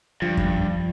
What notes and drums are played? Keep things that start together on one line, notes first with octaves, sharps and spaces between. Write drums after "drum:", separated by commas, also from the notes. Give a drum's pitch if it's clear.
G2 F3
drum: kick F#2